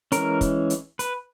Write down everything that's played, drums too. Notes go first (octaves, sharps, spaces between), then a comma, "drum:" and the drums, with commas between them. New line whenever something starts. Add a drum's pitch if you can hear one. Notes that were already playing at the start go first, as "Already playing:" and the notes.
E3 G#3 C#4 A#4, drum: hi-hat
drum: kick, hi-hat
drum: hi-hat
B4, drum: hi-hat